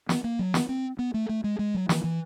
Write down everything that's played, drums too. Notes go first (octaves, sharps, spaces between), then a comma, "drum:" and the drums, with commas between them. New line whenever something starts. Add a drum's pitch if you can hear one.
B3, drum: snare
A#3
F#3
B3, drum: snare
C4
B3
A3
A3
G#3
G#3
F#3
E3, drum: snare
E3